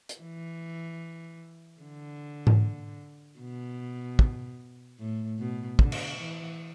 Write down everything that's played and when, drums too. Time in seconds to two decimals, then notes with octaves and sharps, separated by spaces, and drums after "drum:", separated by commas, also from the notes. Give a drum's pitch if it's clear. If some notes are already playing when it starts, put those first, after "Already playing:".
0.09 drum: hi-hat
0.21 E3
1.81 D3
2.47 drum: tom G#2
3.39 B2
4.19 drum: kick
4.99 A2
5.39 B2
5.79 D3, drum: kick
5.92 drum: cymbal
6.18 E3